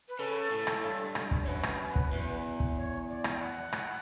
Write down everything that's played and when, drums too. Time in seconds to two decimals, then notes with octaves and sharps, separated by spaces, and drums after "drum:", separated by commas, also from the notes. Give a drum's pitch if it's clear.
0.08 B4
0.19 C#3 A4
0.51 A2
0.67 drum: rim click
0.83 G2
1.15 drum: rim click
1.31 drum: kick
1.43 C#5
1.47 F#2 B4
1.63 drum: rim click
1.96 drum: kick
2.12 E2
2.60 drum: kick
2.76 C#5
3.08 D5
3.24 drum: rim click
3.34 G5
3.41 F#5
3.73 drum: rim click